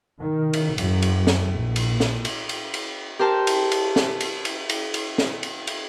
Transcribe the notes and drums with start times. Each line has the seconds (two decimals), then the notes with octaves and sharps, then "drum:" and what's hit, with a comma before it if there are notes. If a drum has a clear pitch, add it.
0.21 D#3
0.53 drum: cymbal
0.78 F#2, drum: cymbal
1.02 drum: cymbal
1.27 drum: snare
1.55 A#1
1.76 drum: cymbal
2.00 drum: snare
2.25 drum: cymbal
2.49 drum: cymbal
2.74 drum: cymbal
3.19 G4 A#4 C5 A5
3.47 drum: cymbal
3.72 drum: cymbal
3.96 drum: snare
4.20 drum: cymbal
4.45 drum: cymbal
4.69 drum: cymbal
4.94 drum: cymbal
5.18 drum: snare
5.43 drum: cymbal
5.67 drum: cymbal